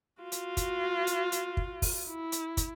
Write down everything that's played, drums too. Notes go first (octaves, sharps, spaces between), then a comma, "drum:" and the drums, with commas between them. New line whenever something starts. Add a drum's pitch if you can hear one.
F4 F#4
drum: hi-hat
drum: kick, hi-hat
drum: hi-hat
drum: hi-hat
drum: kick
drum: kick, open hi-hat
E4
drum: hi-hat
drum: kick, hi-hat